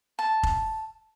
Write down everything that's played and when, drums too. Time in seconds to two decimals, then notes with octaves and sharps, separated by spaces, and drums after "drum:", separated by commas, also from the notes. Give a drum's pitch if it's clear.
0.19 A5
0.43 drum: kick F1